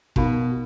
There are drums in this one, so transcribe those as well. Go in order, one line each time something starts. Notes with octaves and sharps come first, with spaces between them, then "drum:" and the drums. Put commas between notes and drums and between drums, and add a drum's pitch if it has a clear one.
B2 D#4 A#4 F5 B5, drum: kick